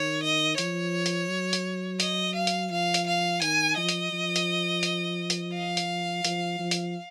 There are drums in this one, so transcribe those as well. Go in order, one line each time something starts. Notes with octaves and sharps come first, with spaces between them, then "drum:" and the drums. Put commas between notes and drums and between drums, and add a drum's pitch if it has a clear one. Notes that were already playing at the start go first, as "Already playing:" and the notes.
Already playing: D#3 C#5
D#5
F3 C#5, drum: hi-hat
drum: hi-hat
F#3
drum: hi-hat
D#5, drum: hi-hat
F5
drum: hi-hat
F3 F5
drum: hi-hat
F5
D#3 G#5, drum: hi-hat
F3 D#5
drum: hi-hat
F3
drum: hi-hat
drum: hi-hat
drum: hi-hat
F5
drum: hi-hat
F3, drum: hi-hat
F3
drum: hi-hat